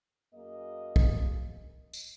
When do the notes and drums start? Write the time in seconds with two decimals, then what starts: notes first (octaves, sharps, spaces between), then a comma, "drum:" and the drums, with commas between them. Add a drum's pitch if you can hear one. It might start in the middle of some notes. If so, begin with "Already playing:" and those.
0.34 F#2 A#3 G#4 D#5
0.96 drum: kick
1.93 drum: tambourine